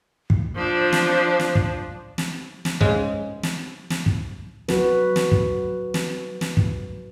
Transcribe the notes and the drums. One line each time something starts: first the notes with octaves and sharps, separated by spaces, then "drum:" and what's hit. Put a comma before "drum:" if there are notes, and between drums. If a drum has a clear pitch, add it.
drum: kick
F3 D4 C5
drum: snare
drum: snare
drum: kick
drum: snare
drum: snare
G#2 C#3 G#3, drum: kick
drum: snare
drum: snare
drum: kick
F#3 F#4 B4, drum: snare
drum: snare
drum: kick
drum: snare
drum: snare
drum: kick